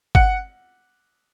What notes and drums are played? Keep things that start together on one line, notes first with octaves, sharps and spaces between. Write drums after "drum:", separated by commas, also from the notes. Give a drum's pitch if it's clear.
F#5, drum: kick